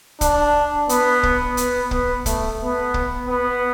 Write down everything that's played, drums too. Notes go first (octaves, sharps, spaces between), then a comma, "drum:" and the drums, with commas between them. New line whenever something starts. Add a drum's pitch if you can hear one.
D4, drum: kick, hi-hat
B3, drum: hi-hat
drum: kick
B3, drum: hi-hat
B3, drum: kick
A3, drum: kick, hi-hat
B3
drum: kick
B3